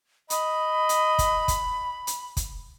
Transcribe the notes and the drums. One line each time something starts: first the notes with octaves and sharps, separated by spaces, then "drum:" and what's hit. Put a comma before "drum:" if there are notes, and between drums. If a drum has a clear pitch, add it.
D#5 B5, drum: hi-hat
drum: hi-hat
drum: kick, hi-hat
drum: kick, hi-hat
drum: hi-hat
drum: kick, hi-hat